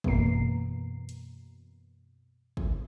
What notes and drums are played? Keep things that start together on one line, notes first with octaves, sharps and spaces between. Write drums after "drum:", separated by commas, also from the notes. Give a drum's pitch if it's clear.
F#2 B2 E3 A#3 A#5 C7, drum: kick
drum: hi-hat
drum: kick